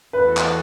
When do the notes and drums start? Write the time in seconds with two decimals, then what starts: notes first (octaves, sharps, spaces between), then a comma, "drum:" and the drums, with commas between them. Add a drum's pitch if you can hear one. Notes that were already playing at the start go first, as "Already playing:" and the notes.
0.12 E2 E3 A3 F#4 A4 B4
0.37 drum: clap